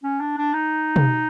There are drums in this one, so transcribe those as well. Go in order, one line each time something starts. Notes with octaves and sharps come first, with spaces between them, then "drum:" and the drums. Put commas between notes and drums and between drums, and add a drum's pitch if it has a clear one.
C#4
D4
D4
D#4
drum: tom